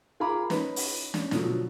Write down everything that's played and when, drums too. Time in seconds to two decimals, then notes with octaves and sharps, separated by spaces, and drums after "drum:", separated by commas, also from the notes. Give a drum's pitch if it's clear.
0.20 F4 G#4 A#4 A#5 B5 D6
0.50 C#4 D#4 B4 B5, drum: snare
0.76 drum: open hi-hat
1.14 C#4 D4, drum: snare
1.31 B2 D3 F3 F#3 A3, drum: snare